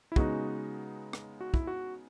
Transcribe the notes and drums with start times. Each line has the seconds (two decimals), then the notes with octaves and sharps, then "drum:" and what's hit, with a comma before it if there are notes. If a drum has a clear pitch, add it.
0.12 E4
0.16 C#3 G#3 B3 D#4 F#4, drum: kick
1.13 drum: rim click
1.41 F#4
1.54 E4, drum: kick
1.67 F#4